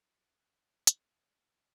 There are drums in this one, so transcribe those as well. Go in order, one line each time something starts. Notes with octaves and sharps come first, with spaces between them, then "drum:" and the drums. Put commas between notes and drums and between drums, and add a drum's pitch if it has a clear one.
A#3 F#6
G#4 F6, drum: hi-hat